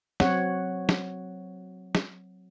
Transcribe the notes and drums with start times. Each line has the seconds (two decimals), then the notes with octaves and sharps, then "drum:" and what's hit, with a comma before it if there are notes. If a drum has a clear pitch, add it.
0.20 F#3 C4 C#5 F#5, drum: snare
0.89 drum: snare
1.95 drum: snare